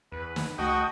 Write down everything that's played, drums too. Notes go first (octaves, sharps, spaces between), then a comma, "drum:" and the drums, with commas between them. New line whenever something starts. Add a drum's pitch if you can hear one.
E2 B4
drum: snare
C#2 A3 F#4 D#5 G5